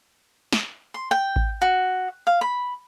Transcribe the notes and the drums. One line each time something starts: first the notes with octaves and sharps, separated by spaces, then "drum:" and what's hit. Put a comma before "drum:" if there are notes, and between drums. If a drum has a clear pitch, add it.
drum: snare
C6
G5
drum: kick A1
F#4
F5
B5